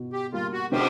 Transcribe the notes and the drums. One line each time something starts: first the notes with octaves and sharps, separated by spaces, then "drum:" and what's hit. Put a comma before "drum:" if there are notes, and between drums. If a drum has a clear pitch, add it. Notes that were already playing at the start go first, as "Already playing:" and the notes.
Already playing: B2
G4
G3 A#3 F4
F#4
C3 G4, drum: cymbal